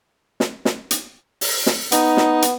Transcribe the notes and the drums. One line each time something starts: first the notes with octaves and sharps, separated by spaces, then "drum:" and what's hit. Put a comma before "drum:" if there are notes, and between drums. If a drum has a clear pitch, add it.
drum: snare
drum: snare
drum: hi-hat
drum: open hi-hat
drum: snare
B3 D#4, drum: hi-hat
drum: snare
drum: hi-hat